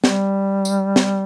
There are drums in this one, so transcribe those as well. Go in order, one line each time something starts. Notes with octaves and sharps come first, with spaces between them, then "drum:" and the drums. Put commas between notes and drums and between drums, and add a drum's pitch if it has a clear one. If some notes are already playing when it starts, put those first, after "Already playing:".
G3, drum: snare
drum: tambourine
drum: snare